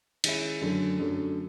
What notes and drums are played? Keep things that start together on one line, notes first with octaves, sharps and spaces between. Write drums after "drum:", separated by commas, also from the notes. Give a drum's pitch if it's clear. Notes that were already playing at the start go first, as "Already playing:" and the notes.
D#3 G#3 C#4 E4, drum: cymbal
F#2 D3 F#3 A3
F#2 D3 F#3 A3